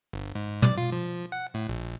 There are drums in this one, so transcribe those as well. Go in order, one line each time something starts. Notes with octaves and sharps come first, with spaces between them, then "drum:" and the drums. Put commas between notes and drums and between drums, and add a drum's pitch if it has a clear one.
G1
G#2
D5, drum: tom
F4
F3
F#5
A2
A#1